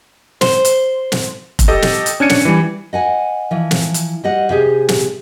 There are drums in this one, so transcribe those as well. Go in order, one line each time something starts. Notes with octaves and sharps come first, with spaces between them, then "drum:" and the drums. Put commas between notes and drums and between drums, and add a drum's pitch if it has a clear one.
C5, drum: snare
drum: hi-hat
drum: snare
drum: kick F1, hi-hat
G4 A4 D#5
drum: snare
drum: hi-hat
C#4 D4 G#6 C#7 D#7
drum: snare
E3 G3
D#5 F#5 G#5
E3 F3
drum: snare
drum: hi-hat
G3 D#5 F#5
C3 G4 G#4
drum: snare